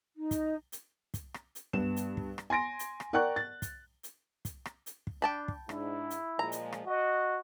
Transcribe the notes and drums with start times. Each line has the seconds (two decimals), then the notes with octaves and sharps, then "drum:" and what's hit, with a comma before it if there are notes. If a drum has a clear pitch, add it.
0.15 D#4
0.31 drum: kick, hi-hat
0.72 drum: hi-hat
1.14 drum: kick, hi-hat
1.34 drum: rim click
1.55 drum: hi-hat
1.73 G2 B3 E7, drum: kick
1.96 drum: hi-hat
2.17 drum: kick
2.38 drum: rim click
2.50 G#5 C6 A#6 D7
2.79 drum: hi-hat
3.00 drum: rim click
3.13 A#4 D5 F#5 G5 C#6 F#6
3.36 A6
3.62 drum: kick, hi-hat
4.03 drum: hi-hat
4.45 drum: kick, hi-hat
4.66 drum: rim click
4.86 drum: hi-hat
5.07 drum: kick
5.22 D4 G5 A5 B5
5.48 drum: kick
5.69 G#2 D4 E4, drum: rim click
6.10 drum: hi-hat
6.39 A#2 F3 G#3 A#5
6.52 drum: hi-hat
6.72 drum: rim click
6.87 F#4 D#5